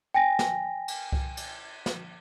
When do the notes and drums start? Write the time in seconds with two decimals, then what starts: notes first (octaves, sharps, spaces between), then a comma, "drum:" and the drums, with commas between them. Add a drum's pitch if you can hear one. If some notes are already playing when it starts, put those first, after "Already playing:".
0.14 G5 G#5 A#6
0.39 drum: snare
0.88 drum: cymbal
1.13 drum: kick C2
1.37 drum: cymbal
1.86 drum: snare